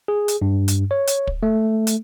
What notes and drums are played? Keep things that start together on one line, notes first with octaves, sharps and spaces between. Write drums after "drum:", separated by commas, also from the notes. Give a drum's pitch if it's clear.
G#4
drum: hi-hat
G2
drum: hi-hat
C#5
drum: hi-hat
drum: kick
A3
drum: hi-hat